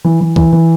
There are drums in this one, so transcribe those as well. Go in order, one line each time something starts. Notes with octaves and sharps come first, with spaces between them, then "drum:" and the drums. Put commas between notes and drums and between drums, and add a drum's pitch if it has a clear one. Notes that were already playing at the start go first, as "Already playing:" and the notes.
E3
E3
E3, drum: kick
E3